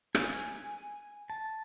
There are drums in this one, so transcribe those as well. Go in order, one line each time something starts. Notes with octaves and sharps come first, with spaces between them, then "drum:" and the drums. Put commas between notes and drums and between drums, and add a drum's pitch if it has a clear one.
G#5, drum: rim click
A5